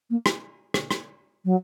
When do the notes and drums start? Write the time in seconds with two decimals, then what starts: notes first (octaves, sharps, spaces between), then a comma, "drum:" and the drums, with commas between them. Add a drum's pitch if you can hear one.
0.10 A#3
0.26 drum: rim click
0.74 drum: rim click
0.91 drum: rim click
1.44 F#3